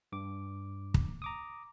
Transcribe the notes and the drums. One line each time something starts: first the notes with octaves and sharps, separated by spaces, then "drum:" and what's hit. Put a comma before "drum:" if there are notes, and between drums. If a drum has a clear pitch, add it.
G2 D6
drum: kick
A#5 D6 D#6